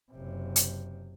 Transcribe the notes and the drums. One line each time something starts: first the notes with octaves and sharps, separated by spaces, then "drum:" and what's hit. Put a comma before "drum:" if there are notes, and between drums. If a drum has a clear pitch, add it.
F#1 C3
drum: hi-hat